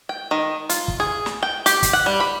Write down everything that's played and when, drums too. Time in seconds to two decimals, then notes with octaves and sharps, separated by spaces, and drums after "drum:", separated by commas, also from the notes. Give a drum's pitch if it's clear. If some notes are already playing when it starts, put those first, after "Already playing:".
0.09 G5
0.31 D#3
0.69 F4, drum: hi-hat
0.88 drum: kick
1.00 G#4
1.26 drum: snare
1.43 G5
1.66 G4, drum: hi-hat
1.83 drum: kick, hi-hat
1.93 F#5
2.06 G3
2.20 B5